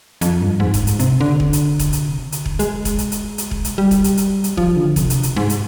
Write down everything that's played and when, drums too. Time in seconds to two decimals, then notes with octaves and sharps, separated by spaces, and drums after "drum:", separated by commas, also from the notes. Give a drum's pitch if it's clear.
0.21 F2, drum: hi-hat
0.41 G2
0.60 G#2
0.74 drum: kick E1, hi-hat
0.87 drum: hi-hat
0.99 C3, drum: hi-hat
1.21 D3
1.40 drum: kick E1
1.53 drum: hi-hat
1.79 drum: kick E1, hi-hat
1.93 drum: hi-hat
2.09 C3
2.19 D3
2.32 drum: hi-hat
2.46 drum: kick E1
2.59 G#3, drum: hi-hat
2.85 drum: kick E1, hi-hat
2.98 drum: hi-hat
3.12 drum: hi-hat
3.38 drum: hi-hat
3.51 drum: kick E1
3.65 drum: hi-hat
3.78 G3
3.91 drum: kick E1, hi-hat
4.04 drum: hi-hat
4.17 drum: hi-hat
4.44 drum: hi-hat
4.57 F3, drum: kick E1
4.76 D3
4.96 C3, drum: kick E1, hi-hat
5.10 drum: hi-hat
5.23 drum: hi-hat
5.36 G#2
5.50 drum: hi-hat